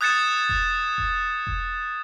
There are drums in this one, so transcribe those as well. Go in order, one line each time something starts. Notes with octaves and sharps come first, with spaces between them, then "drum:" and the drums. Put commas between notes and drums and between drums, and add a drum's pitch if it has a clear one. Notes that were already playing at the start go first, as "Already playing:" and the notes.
D#6 F#6 G#6 A6 C#7 E7
drum: kick E1
drum: kick E1
drum: kick E1